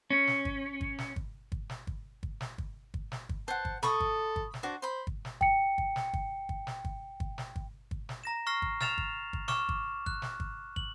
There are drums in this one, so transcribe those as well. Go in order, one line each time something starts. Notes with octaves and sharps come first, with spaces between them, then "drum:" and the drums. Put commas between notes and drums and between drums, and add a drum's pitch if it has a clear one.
C#4
drum: snare
drum: kick
drum: kick
drum: snare
drum: kick
drum: kick
drum: snare
drum: kick
drum: kick
drum: snare
drum: kick
drum: kick
drum: snare
drum: kick
C5 F#5 A5
drum: kick
A4 B5 C#6 D#6, drum: snare
drum: kick
drum: kick
drum: snare
D4 F#4 C5
C5 B5 C6
drum: kick
drum: snare
G5 C#7, drum: kick
drum: kick
drum: snare
drum: kick
drum: kick
drum: snare
drum: kick
drum: kick
drum: snare
drum: kick
drum: kick
drum: snare
A#5 A#6 E7
C#6 F6 A#6 C7
drum: kick
F6 A6 E7 F7, drum: snare
drum: kick
drum: kick
C#6 D6 F6 E7, drum: snare
drum: kick
F#6, drum: kick
drum: snare
drum: kick
F#7, drum: kick